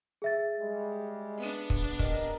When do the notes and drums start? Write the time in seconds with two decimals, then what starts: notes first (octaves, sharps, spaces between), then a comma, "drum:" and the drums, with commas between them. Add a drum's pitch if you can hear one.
0.22 G#4 E5 A6
0.60 G3 G#3
1.38 B3 D4
1.70 drum: kick
1.99 G4 A#4 D#5, drum: kick